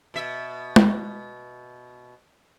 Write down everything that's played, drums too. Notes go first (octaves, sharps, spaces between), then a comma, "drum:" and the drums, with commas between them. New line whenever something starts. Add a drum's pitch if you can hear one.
B2 E5
drum: tom G#3